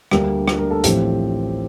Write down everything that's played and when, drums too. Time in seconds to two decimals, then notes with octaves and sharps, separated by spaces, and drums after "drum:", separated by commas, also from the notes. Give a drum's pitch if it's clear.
0.11 D2 D3 G3 A#3 G4, drum: rim click
0.48 drum: rim click
0.58 A#4
0.71 A4
0.84 A1 A2 F3 C4 G4, drum: hi-hat